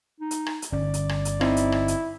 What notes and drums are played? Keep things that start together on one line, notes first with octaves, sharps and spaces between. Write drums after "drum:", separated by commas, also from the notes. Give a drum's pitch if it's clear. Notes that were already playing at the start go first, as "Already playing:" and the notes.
D#4
drum: hi-hat
drum: rim click
drum: hi-hat
G1 D3 C#4 D5
drum: hi-hat
drum: rim click
drum: hi-hat
C4 D#4 E4, drum: rim click
drum: hi-hat
drum: rim click
drum: hi-hat